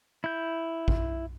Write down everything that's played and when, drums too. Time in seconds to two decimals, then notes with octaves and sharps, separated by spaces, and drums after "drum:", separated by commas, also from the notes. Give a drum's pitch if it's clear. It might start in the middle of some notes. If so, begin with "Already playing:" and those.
0.24 E4 G6
0.88 drum: kick A1